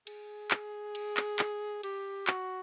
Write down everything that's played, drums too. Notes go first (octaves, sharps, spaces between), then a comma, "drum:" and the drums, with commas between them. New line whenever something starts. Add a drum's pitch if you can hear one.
G#4, drum: cymbal
drum: clap
drum: cymbal
drum: clap
drum: clap
G4, drum: cymbal
F#4, drum: clap